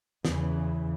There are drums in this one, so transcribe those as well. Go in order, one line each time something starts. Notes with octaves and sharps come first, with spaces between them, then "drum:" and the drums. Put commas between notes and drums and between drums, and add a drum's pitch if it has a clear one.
E2 C#3 E3, drum: snare